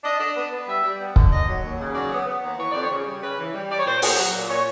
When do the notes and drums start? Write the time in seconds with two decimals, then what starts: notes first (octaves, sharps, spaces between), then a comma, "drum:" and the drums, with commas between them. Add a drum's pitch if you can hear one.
0.04 D4 D#5
0.20 D4
0.36 B3
0.52 B3
0.68 G3 E5
0.84 G3
1.00 B3
1.16 D3, drum: kick
1.31 D#2 D#5
1.47 F#3
1.63 D#2
1.80 C#3
1.95 F#3 D5
2.11 B3
2.27 B3
2.43 D#2
2.58 E3 C#5
2.71 F2 D5
2.83 C#5
2.91 C#3
3.06 G3
3.22 C#3 B4
3.39 E3
3.54 G3
3.70 G3 D5
3.79 C#5
3.86 A#2 C5
4.02 B3, drum: open hi-hat
4.18 F#3
4.34 A#2
4.49 A#2 C#5